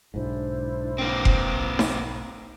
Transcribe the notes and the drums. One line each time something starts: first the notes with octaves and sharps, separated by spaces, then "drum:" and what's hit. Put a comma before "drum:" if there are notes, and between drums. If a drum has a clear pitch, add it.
B1 G#2 D4 E4 C5
A#3 C4
drum: kick F1
drum: snare D#4